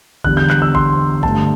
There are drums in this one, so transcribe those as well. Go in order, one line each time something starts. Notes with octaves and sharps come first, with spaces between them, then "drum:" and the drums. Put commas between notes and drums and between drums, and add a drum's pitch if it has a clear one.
E2 D3 G3 F#6, drum: kick A1
G6
F#6, drum: clap
E6
C6, drum: kick A1
G2 D3 A3 A5, drum: kick A1